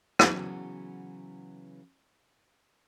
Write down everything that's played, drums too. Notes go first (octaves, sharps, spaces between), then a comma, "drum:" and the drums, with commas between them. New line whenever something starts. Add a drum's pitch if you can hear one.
C#3 E3 F#3 B3, drum: rim click